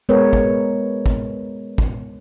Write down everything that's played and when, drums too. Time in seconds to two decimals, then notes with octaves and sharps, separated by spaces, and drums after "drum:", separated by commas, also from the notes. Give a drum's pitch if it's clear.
0.09 G#3 B3 A#4 B4 C#5
0.33 drum: kick
1.06 drum: kick
1.78 drum: kick